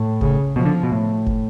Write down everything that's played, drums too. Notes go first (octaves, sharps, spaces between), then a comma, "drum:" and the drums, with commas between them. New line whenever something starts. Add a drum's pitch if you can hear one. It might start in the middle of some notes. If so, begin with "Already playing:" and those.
Already playing: A2
C#3, drum: kick F#1
B2 F3
D3
B2
A2
drum: kick F#1